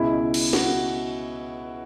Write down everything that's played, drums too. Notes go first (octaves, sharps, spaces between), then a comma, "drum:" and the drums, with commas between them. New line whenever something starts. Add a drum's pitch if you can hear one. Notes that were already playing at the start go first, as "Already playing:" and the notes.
Already playing: C#2 B2 E4
drum: cymbal
F#4, drum: snare